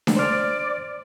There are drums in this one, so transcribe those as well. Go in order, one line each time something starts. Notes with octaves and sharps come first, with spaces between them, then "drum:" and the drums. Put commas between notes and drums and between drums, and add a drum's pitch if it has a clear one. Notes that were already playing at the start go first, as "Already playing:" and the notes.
drum: snare D4
C5 D5 F6